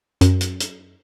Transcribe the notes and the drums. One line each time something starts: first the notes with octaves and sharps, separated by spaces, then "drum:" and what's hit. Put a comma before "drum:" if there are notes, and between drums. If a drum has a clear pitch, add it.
F#2, drum: hi-hat
drum: hi-hat
drum: hi-hat